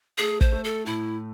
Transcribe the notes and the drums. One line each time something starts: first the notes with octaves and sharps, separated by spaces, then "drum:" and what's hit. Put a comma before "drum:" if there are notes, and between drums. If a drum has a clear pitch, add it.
A3 G#4
C5, drum: kick
A3
A4
A2 E4